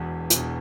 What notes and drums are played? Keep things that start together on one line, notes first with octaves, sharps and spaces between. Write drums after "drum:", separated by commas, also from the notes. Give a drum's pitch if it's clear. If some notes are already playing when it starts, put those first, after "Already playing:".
Already playing: E1 E2 B2
E1 E2 B2, drum: hi-hat